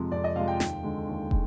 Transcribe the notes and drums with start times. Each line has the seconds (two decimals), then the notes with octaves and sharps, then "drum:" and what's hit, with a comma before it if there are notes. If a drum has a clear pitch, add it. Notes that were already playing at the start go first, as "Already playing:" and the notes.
Already playing: F2 C3 F3 G#3
0.12 F2 D5
0.24 D#5
0.36 C3 F3 G#3 F5
0.48 G5
0.60 D#2, drum: snare
0.83 D3 G#3
1.07 D#2
1.31 G#3, drum: kick